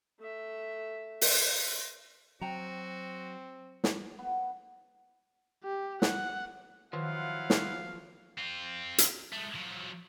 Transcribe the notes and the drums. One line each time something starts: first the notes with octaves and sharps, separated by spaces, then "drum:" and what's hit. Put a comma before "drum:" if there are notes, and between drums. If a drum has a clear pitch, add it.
A3 E5
drum: open hi-hat
F#3 C4 F#4 G5 A#5
drum: snare
B3
G4
F#5, drum: snare
D#3 F3 F#3 E4 F4 F5 F#5
drum: snare
C4 F4
drum: hi-hat
G#3 A3
F3 F#3